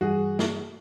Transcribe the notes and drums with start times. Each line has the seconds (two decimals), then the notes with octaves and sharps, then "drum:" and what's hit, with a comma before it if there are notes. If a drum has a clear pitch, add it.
0.01 G2 E3 G3 F#4 G#4
0.39 drum: snare